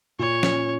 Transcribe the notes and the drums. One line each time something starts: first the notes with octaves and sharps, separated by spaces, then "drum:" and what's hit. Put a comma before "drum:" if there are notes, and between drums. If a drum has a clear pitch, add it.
A#2 C#5
C#4, drum: snare